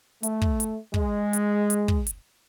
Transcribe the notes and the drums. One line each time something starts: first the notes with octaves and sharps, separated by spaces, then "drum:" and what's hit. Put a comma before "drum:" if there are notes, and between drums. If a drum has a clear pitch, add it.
A3, drum: hi-hat
drum: kick
drum: hi-hat
G#3, drum: kick
drum: hi-hat
drum: hi-hat
drum: kick
drum: hi-hat